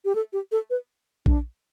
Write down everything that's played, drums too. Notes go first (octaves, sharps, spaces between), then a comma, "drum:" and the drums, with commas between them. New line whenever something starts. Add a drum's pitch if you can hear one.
G4
A4
G4
A4
B4
D4, drum: kick A#1